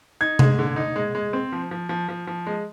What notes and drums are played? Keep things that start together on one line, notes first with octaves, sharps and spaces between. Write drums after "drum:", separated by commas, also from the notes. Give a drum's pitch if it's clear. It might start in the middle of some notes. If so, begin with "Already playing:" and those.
D#4 G#6
G#3, drum: tom C3
D3
D#4
G#3
G#3
C4
F3
F3
F3
F3
F3
G#3